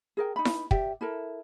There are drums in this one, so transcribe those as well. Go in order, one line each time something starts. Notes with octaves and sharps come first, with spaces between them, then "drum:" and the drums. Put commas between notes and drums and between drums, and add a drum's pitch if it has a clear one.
G#4 A#4 G5
D#4 B5
drum: snare E4
G4 D5 E5, drum: kick
E4 A4 A#4